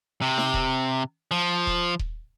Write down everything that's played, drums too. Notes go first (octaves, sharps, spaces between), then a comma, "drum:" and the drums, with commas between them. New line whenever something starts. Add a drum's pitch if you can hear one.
C3
drum: snare D#4
drum: kick D#1
F3
drum: kick D#1
drum: kick D#1